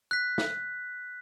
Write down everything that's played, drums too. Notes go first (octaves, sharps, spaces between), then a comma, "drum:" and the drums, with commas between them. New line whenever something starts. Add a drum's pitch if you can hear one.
F#6 B6
drum: snare